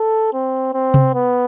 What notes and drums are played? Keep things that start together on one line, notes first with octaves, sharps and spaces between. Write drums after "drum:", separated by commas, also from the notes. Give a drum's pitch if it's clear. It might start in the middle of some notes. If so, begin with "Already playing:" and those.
Already playing: A4
C4
C4
drum: tom C3
B3